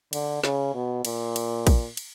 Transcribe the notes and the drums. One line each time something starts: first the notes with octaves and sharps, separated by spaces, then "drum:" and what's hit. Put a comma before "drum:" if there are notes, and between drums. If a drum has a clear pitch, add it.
D3, drum: cymbal
C#3, drum: snare
B2
A#2, drum: cymbal
drum: cymbal
drum: kick, cymbal
drum: cymbal